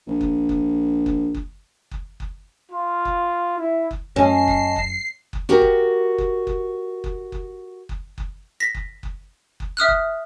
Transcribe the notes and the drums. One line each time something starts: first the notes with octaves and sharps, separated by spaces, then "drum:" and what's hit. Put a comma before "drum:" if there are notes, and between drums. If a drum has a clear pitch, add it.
A#1
drum: kick F#1
drum: kick F#1
drum: kick F#1
drum: kick F#1
drum: kick F#1
drum: kick F#1
F4
drum: kick F#1
E4
drum: kick F#1
F#2 C#4 D#5 A5 C7
drum: kick F#1
drum: kick F#1
drum: kick F#1
F#4 G4 A#4
drum: kick F#1
drum: kick F#1
drum: kick F#1
drum: kick F#1
drum: kick F#1
drum: kick F#1
drum: kick F#1
A#6 B6
drum: kick F#1
drum: kick F#1
drum: kick F#1
E5 D#6 F6 F#6
drum: kick F#1